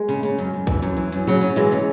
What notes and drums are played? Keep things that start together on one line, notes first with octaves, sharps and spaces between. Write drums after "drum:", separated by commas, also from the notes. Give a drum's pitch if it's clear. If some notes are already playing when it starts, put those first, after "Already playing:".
Already playing: G#3
C#3, drum: hi-hat
C#3, drum: hi-hat
F#2, drum: hi-hat
F#2
E3, drum: kick, hi-hat
F#2, drum: hi-hat
E3, drum: hi-hat
F#2, drum: hi-hat
C#3 F#3, drum: hi-hat
C#3, drum: hi-hat
E3 G#3, drum: hi-hat
C#3, drum: hi-hat